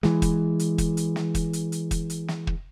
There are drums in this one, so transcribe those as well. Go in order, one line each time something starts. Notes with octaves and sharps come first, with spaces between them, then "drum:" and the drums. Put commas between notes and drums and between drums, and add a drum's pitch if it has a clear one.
E3 G#3, drum: snare
drum: kick, hi-hat
drum: hi-hat
drum: kick, hi-hat
drum: hi-hat
drum: snare
drum: kick, hi-hat
drum: hi-hat
drum: hi-hat
drum: kick, hi-hat
drum: hi-hat
drum: snare
drum: kick